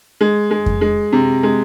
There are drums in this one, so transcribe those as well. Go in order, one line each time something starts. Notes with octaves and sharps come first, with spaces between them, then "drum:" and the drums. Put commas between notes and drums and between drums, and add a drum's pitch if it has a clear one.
G#3
G#3
drum: kick F2
G#3
C3
G#3